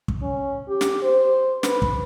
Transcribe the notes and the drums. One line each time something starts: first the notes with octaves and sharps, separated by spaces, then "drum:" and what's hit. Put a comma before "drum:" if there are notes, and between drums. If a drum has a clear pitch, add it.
drum: kick
C#4
G4
drum: snare
C5
B4, drum: snare
drum: kick